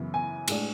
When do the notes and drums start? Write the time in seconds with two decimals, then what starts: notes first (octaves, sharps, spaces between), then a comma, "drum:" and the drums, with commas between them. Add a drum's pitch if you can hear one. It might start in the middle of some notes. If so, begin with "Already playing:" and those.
Already playing: F#2 C#3 E3 B3 E4
0.14 G#5
0.48 A2 G#3 D4, drum: cymbal